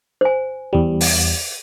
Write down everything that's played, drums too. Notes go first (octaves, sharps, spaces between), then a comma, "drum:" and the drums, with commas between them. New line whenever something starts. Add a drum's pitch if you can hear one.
C5 G#5
E2 G3
drum: open hi-hat